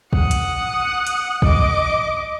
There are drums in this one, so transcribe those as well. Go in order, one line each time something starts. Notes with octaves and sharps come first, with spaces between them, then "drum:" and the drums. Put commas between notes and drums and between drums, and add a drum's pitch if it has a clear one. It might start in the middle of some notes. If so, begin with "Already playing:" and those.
F#5 D#6, drum: kick
drum: hi-hat
drum: hi-hat
D#5 D6, drum: kick